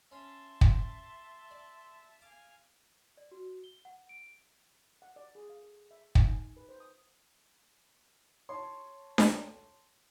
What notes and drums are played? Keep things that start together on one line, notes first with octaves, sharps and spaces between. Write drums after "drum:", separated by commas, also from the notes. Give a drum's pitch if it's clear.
C#4 E5 A5 C6
drum: kick
D5
F5 G#5 D6
D5
F#4
G7
F#5
D7
F#5
D5
G#4
F5
A4
E5
D#4, drum: kick
G#5
B4
C5
D#6
C#5 A5 C6
drum: snare D4